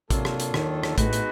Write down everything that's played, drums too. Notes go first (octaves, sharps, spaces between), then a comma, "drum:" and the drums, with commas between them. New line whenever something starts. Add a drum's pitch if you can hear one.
C3 F#3 A#3 D4 F4 A4, drum: kick A1, hi-hat
drum: rim click
drum: hi-hat
D#2 D#3, drum: rim click
drum: rim click
A2 G#3 A3 B3 D#4 F#4 B4, drum: kick A1, hi-hat
drum: hi-hat